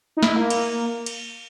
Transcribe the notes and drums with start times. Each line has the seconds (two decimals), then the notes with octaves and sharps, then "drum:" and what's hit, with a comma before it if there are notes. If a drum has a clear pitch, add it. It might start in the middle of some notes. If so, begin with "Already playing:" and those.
0.17 D#4
0.23 E4, drum: snare
0.36 A#3
0.50 drum: cymbal
1.06 drum: cymbal